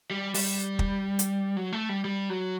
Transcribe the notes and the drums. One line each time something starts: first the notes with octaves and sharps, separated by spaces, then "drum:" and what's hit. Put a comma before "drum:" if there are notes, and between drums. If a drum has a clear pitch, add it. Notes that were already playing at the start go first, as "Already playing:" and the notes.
G3
G3, drum: open hi-hat
drum: kick
drum: hi-hat
F#3
A3
G3
G3
F#3